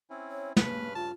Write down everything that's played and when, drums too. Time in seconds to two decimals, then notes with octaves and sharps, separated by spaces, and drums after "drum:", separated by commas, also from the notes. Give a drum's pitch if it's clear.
0.10 C4 C#4 E4
0.31 C#5
0.57 G2 C#3 A#3 B4 F6, drum: snare
0.95 F4 A5